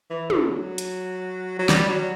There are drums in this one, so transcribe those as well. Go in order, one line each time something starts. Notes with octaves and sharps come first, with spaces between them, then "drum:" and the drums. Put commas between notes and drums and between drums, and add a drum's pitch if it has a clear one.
E3
D3, drum: tom
F#3
drum: hi-hat
F#3
G3, drum: snare
F#3